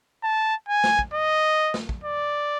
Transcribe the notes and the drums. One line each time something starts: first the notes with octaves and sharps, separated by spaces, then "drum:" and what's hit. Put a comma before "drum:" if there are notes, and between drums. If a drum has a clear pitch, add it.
A5
G#5
drum: snare
drum: kick
D#5
drum: snare
drum: kick
D5